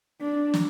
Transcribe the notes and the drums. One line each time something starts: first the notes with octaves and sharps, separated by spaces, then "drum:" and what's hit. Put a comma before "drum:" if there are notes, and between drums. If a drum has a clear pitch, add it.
D4
drum: snare